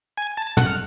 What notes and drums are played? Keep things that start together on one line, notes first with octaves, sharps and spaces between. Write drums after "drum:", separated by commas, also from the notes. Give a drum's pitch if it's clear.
G#5 G#6
A5 A6
F#5 F#6, drum: tom
F6